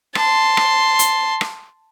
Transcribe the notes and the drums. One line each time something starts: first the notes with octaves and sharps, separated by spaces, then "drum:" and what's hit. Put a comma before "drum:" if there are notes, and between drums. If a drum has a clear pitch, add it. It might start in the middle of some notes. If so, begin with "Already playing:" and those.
A5 C6, drum: rim click
drum: rim click
drum: hi-hat
drum: rim click